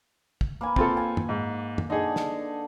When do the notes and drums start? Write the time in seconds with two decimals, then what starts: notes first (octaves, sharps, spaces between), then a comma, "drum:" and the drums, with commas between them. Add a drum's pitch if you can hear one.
0.41 drum: kick
0.61 A#3 B4 G#5
0.76 C4 F4 A4, drum: kick
0.97 G#5
1.17 drum: tom
1.29 G#2
1.78 drum: tom
1.90 D3 D#4 G#4
2.16 drum: snare